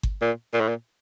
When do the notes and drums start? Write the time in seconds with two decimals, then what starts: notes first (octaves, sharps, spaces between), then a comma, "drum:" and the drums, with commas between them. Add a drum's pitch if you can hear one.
0.03 drum: kick G1
0.22 A#2
0.54 A#2
0.61 A2
0.68 A#2